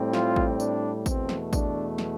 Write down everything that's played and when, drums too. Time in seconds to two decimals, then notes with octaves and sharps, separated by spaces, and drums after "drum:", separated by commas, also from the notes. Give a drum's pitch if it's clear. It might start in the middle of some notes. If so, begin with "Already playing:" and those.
Already playing: A2 G3 C4
0.13 F4, drum: snare
0.36 drum: kick A1
0.60 D4, drum: tambourine
1.06 E2 B2 A3 C4, drum: kick A1, tambourine
1.29 drum: snare
1.53 D4, drum: kick A1, tambourine
1.98 drum: snare